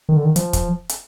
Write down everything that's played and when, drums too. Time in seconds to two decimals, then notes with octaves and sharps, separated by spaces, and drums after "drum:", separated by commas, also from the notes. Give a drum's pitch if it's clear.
0.09 D#3
0.17 D3
0.25 D#3
0.36 F3, drum: hi-hat
0.53 drum: kick, hi-hat
0.89 drum: hi-hat